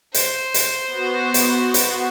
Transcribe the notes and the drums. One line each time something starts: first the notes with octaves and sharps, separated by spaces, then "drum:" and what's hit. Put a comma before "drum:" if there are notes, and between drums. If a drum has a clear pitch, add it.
C5, drum: hi-hat
drum: hi-hat
B3 F#4
drum: hi-hat
drum: hi-hat